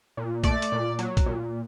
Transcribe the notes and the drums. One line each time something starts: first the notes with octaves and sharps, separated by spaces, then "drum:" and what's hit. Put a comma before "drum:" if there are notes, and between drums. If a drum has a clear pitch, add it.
A#2
A3 D5, drum: kick, hi-hat
drum: hi-hat
A#2
F#3, drum: hi-hat
drum: kick, hi-hat
A#2